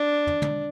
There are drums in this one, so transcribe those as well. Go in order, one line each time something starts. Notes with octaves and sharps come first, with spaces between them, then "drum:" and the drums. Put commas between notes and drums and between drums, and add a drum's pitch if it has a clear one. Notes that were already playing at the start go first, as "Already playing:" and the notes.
Already playing: D4
drum: tom
drum: tom